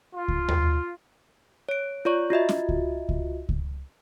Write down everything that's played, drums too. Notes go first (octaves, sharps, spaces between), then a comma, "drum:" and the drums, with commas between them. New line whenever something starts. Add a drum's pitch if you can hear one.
F4
drum: kick C#2
drum: tom D#2
C#5 D7
F4 C#5 D5 C#6
F4 F#4 D#5 E5
drum: snare
drum: kick C#2
drum: kick C#2
drum: kick C#2